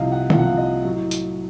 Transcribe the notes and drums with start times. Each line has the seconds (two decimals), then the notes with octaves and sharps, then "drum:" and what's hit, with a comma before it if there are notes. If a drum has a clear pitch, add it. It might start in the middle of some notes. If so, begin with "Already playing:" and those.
Already playing: C2 C3 F3 D#5 F5
0.12 F#5
0.30 C2 C3 F3 F5, drum: tom
0.38 F#5
0.47 F5
0.57 D#5
0.85 A2 F#3
1.11 drum: hi-hat